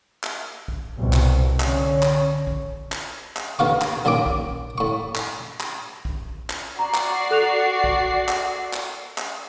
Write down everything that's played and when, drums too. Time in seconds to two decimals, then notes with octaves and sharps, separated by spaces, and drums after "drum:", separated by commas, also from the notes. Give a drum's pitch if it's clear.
0.24 drum: clap
0.68 drum: kick
0.97 C2 B2
1.13 drum: clap
1.60 D3 C#4, drum: clap
2.03 drum: clap
2.47 drum: kick
2.92 drum: clap
3.37 drum: clap
3.59 D2 B3 F5 C#6
3.81 drum: clap
4.05 F#2 A#2 D#3 C#4 D6
4.26 drum: kick
4.78 A2 C#6
5.16 drum: clap
5.60 drum: clap
6.05 drum: kick
6.50 drum: clap
6.79 F#4 D5 A#5 C7
6.95 drum: clap
7.31 A4 F#6 F7
7.84 drum: kick
8.29 drum: clap
8.73 drum: clap
9.18 drum: clap